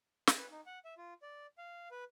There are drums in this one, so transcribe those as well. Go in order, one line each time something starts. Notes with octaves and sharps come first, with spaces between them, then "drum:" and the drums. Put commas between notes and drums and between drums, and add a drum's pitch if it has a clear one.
drum: snare
B4
D#4
F#5
E5
F4
D5
F5
B4